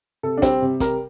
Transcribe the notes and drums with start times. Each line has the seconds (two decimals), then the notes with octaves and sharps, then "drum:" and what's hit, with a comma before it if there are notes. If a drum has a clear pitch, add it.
0.23 C3 A4
0.38 D4
0.42 G3 C4, drum: kick, hi-hat
0.62 C3
0.80 G3 A#4, drum: kick, hi-hat